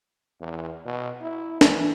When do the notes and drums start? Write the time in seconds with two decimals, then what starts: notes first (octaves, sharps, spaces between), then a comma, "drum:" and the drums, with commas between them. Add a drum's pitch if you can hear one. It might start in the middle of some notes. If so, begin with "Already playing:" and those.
0.41 E2
0.85 B2
1.21 E4
1.61 E3, drum: snare